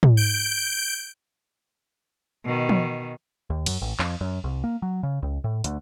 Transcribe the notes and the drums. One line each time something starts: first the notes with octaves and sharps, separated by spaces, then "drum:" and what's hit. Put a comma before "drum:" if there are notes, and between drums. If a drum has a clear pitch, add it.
drum: tom
G6 D7
B2 D#3
drum: tom
D#2
F#2, drum: cymbal
A1
F2, drum: clap
F#2
C2
A#3
F#3
C#3
C#2
A2
D2, drum: hi-hat